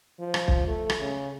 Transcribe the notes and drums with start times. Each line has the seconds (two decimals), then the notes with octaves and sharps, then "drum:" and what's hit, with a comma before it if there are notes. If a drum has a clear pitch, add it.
0.20 F3
0.34 drum: rim click
0.48 drum: kick
0.68 A3
0.90 drum: rim click
1.00 C#3